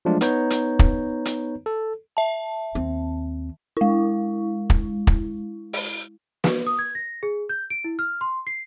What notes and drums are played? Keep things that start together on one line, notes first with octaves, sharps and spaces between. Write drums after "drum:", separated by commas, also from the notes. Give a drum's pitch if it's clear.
F3 F#3 G#3 A3 D4 F4
B3 D#4 B4 C#5 A#5 G6, drum: hi-hat
drum: hi-hat
drum: kick
drum: hi-hat
A4
E5 A5
D#2 C4
G#3 E4
drum: kick
drum: kick
drum: open hi-hat
B4, drum: snare
D#6
G#6
A#6
G#4
G6
D7
E4
F6
C6
C7